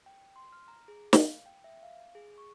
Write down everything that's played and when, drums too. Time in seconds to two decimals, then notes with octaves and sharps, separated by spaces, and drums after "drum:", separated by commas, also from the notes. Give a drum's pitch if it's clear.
0.06 G5
0.36 C6
0.53 F6
0.68 A#5
0.88 G#4
1.13 F5, drum: snare
1.46 G5
1.64 E5
1.83 F5
2.15 G#4
2.38 C#6